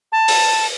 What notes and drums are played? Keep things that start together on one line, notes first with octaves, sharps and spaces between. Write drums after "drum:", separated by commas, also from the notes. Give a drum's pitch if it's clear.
A5
drum: open hi-hat